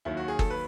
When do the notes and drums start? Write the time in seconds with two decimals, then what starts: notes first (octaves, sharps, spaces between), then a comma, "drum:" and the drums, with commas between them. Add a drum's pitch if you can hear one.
0.05 D#2 D#3 F#3 E4
0.17 F#4
0.28 G#4
0.39 A4, drum: kick G1
0.50 B4